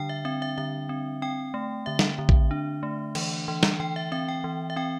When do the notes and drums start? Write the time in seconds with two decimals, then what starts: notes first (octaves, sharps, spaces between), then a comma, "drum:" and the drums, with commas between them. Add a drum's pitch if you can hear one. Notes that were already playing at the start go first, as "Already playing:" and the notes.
Already playing: D3 G3 D4 G5
0.09 E5
0.25 C4 E5
0.42 E5
0.58 D3 E5
0.89 C4
1.22 C4 G5
1.54 A3
1.86 D3 E5
1.99 drum: snare
2.19 D3
2.29 drum: kick
2.51 D4
2.83 A3
3.15 E3, drum: cymbal
3.48 E3
3.63 drum: snare
3.80 E3 G5
3.96 E5
4.12 C4 E5
4.29 G5
4.44 E3
4.70 E5
4.76 C4 G5